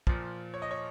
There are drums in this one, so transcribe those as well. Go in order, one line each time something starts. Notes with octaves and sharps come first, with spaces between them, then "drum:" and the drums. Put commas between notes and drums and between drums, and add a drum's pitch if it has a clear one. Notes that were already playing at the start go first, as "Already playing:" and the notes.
A#2 F3, drum: kick
C#5
D#5
C#5